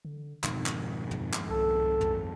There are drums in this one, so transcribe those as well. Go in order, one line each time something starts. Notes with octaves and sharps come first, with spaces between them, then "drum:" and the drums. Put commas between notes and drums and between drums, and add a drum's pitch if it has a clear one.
D3
F2 G#2 B2 D#3, drum: clap
drum: clap
drum: tom
drum: clap
C2 A4
drum: tom